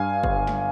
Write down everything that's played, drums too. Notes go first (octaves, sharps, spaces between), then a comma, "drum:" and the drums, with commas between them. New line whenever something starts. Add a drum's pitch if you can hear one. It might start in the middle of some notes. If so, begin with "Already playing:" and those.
Already playing: G2 F5 G#5
G1, drum: kick F#1
drum: snare